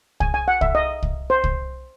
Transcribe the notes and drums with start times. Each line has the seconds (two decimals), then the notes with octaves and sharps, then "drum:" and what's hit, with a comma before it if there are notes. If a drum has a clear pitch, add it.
0.20 G#5, drum: kick C2
0.34 G#5
0.48 F#5
0.61 E5, drum: kick C2
0.75 D#5
1.03 drum: kick C2
1.30 C5
1.44 drum: kick C2